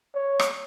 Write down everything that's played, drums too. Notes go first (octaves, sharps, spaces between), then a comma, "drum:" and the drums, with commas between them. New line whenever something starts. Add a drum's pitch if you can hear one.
C#5
drum: rim click